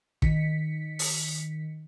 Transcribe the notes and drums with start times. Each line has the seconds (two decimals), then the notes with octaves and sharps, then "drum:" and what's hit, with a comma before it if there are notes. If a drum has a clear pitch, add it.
0.22 D#3 B6 C#7, drum: kick
0.99 drum: open hi-hat